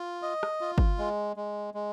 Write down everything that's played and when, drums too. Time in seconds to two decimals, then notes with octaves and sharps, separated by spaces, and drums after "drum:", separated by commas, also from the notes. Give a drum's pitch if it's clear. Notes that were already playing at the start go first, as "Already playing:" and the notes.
Already playing: F4
0.22 D#5
0.43 drum: rim click
0.61 F4
0.78 drum: kick G1
0.98 G#3
1.36 G#3
1.74 G#3